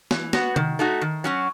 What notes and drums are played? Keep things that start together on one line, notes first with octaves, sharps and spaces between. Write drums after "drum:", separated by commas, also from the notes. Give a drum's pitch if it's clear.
E3, drum: snare
B3 F#4, drum: snare
D#3, drum: tom C3
A3 D#4 F#4
D#3
F#3 C#4 F#4